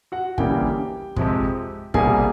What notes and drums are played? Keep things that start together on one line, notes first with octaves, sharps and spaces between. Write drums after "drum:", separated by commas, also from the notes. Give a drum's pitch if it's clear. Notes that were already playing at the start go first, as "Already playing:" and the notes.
F#4 F#5
D2 C#3 E3 G3 A#3 G4 G5, drum: kick
F2 C3 F3 G#3, drum: kick
C2 B2 G3 A#3 G#4 G#5, drum: kick